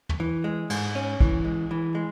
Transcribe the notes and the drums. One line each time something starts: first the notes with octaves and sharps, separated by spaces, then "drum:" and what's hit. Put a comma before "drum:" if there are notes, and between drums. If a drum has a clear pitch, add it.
drum: tom
E3
G#3
G#2, drum: cymbal
C#4
E3, drum: kick
G#3
E3
G#3